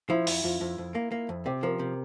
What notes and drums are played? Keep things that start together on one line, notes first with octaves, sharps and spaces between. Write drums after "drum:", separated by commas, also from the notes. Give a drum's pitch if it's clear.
F3 E4
F2, drum: open hi-hat
F2 F4
F2
F2
A#3
A#3
F2
C3 G4
F3 A#4
C3